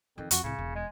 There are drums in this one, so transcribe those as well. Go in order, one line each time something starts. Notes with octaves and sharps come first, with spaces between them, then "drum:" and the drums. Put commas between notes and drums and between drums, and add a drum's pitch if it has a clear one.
F2 D#3 F3
F2 F#4, drum: hi-hat
C2 A2 C#3
E1
G#3